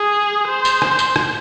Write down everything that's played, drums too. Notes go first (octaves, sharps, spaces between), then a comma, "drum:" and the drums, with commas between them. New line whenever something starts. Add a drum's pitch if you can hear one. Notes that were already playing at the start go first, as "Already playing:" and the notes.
Already playing: G#4
C5
drum: tambourine
drum: rim click
drum: tambourine
drum: rim click